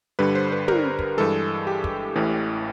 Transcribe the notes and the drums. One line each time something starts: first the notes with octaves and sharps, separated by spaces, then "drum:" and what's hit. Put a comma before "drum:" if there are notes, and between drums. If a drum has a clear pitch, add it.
G2 D3 G3 B4
C5
B4
A#4, drum: tom
drum: kick
G2 E3 G#3 A4
G4
drum: kick
A1 A2 E3